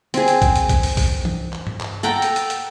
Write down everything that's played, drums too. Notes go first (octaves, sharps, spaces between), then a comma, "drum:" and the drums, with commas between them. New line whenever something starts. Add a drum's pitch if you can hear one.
C4 G#4, drum: hi-hat
drum: hi-hat
drum: kick, hi-hat
drum: hi-hat
drum: kick, hi-hat
drum: open hi-hat
drum: kick, open hi-hat
drum: tom E3
drum: clap
drum: tom G2
drum: clap
A4 F#5 G5 A#5
drum: hi-hat
drum: hi-hat
drum: hi-hat